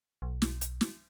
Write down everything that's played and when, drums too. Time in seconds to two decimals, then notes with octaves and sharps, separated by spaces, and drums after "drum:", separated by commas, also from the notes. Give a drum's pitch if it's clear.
0.22 B1
0.42 drum: snare
0.61 drum: hi-hat
0.81 drum: snare